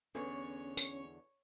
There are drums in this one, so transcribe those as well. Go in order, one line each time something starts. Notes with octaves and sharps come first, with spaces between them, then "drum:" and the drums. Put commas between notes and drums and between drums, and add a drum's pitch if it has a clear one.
E2 D3 C#4 C#5 G#5 C#6
drum: tambourine